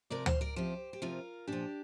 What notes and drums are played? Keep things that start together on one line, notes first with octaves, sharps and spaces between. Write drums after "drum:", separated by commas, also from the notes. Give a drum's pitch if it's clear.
C3 F3 A#4 D5
C5 F5, drum: tom D2
A#4 D5
C3 F3 G4 C5
G4
C3 F3 F4 A#4
A#2 F3 D4 G4